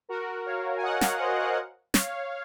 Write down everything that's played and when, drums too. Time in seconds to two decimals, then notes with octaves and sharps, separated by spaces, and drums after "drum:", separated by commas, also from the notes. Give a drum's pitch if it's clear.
0.09 F#4 A#4
0.46 C#5 F5
0.77 G#5
0.83 D#5 F#5
1.01 C#5 F5, drum: snare
1.20 C5 D#5
1.38 F5 G#5
1.94 C#5 F5, drum: snare